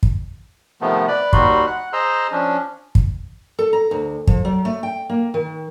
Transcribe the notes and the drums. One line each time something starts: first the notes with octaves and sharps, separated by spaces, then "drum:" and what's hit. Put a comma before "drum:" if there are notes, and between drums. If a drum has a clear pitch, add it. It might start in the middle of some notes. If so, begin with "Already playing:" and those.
drum: kick
C3 D#3 F3 A3 B3
B4 D5 B5
D#2 G3 D#4 F#4 B5 C6, drum: kick
F#5 F#6
G#4 C5 D#5 A#5 C6 E6
F3 C#4 D4
drum: kick
A4
A#5
D2
F3, drum: kick
F#3
A3
G5
A#3
D#3